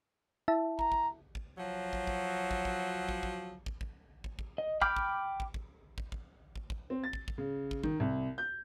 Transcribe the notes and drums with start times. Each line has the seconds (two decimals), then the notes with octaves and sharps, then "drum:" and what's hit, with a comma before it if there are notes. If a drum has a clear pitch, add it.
0.48 E4 E5 A5
0.79 A#5, drum: kick
0.92 drum: kick
1.35 drum: kick
1.58 F3 F#3
1.93 drum: kick
2.07 drum: kick
2.51 drum: kick
2.65 drum: kick
3.09 drum: kick
3.23 drum: kick
3.66 drum: kick
3.81 drum: kick
4.24 drum: kick
4.39 drum: kick
4.58 D#5
4.81 G5 B5 D6 F6 G6, drum: kick
4.96 drum: kick
5.40 drum: kick
5.54 drum: kick
5.98 drum: kick
6.12 drum: kick
6.56 drum: kick
6.70 drum: kick
6.90 C4
7.04 A6
7.13 drum: kick
7.28 drum: kick
7.38 C#3
7.71 drum: kick
7.83 D#3, drum: kick
8.00 C2
8.38 G6